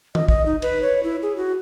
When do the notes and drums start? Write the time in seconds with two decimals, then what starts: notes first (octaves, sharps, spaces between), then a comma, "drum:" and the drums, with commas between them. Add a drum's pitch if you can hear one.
0.15 D#5, drum: tom D#3
0.28 D#5, drum: kick
0.46 D#4
0.62 B4, drum: cymbal
0.82 C#5
1.03 E4
1.22 G#4
1.36 F#4